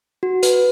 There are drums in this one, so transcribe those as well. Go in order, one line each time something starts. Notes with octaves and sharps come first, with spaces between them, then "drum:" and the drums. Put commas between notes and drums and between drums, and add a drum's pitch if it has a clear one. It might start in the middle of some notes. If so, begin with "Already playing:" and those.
F#4
B4, drum: hi-hat